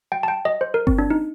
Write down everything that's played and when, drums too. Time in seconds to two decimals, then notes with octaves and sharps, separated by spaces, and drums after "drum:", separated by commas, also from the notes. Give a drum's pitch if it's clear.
0.12 G5
0.23 A5
0.28 G5
0.45 D#5
0.61 C5
0.74 A#4
0.87 C4, drum: kick G1
0.98 D4
1.10 D#4